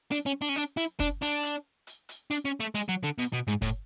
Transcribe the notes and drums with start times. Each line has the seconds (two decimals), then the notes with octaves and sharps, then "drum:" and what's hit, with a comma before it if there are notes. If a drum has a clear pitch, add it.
0.12 D4, drum: hi-hat
0.26 C#4
0.42 D4
0.49 C#4
0.56 D4, drum: hi-hat
0.77 E4, drum: hi-hat
1.00 D4, drum: kick, hi-hat
1.22 D4, drum: open hi-hat
1.43 drum: hi-hat
1.87 drum: hi-hat
2.09 drum: hi-hat
2.31 D4, drum: hi-hat
2.45 C#4
2.60 A3
2.75 G#3, drum: hi-hat
2.89 F#3
3.04 D3
3.19 B2, drum: hi-hat
3.33 B2
3.48 G#2
3.62 A2, drum: kick, hi-hat